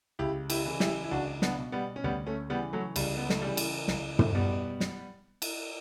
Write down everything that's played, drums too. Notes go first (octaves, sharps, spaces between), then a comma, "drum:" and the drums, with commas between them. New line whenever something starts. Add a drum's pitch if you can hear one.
C#2 E4 G4
E4 G4, drum: cymbal
C#3 E3
E4 G4, drum: snare
E4
C#2 D4 F#4
B3 D4, drum: snare
B2
G3 B3
C#4
D2 G3 B3
A3 C#4
C#3 E3 G3 B3
F#3 A3
C#2 G3, drum: cymbal
B3
A3, drum: snare
C#3 E3 G3
drum: cymbal
C#2, drum: snare
drum: tom
B2 G3 B3
drum: snare
drum: cymbal